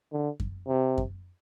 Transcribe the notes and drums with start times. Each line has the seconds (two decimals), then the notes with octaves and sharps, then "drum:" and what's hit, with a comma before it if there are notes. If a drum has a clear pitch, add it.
0.12 D3
0.40 drum: kick F#2
0.68 C3
0.98 drum: kick F#2